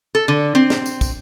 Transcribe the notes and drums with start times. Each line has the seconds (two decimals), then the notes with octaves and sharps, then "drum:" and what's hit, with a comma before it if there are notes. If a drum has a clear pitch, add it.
0.15 A4
0.28 D3
0.55 C4
0.70 drum: snare
0.86 drum: tambourine
1.01 drum: kick, tambourine